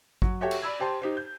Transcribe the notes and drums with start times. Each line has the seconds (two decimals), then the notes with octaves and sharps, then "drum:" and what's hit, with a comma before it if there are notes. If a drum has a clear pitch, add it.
0.22 F#3, drum: kick G#1
0.41 F#4 G4 A4 C#5 E5 G5
0.51 drum: cymbal
0.62 D5 B5 E6 G#6
0.79 G4 C5 G5 A5 C6
1.02 D#4 G4 C5
1.17 G6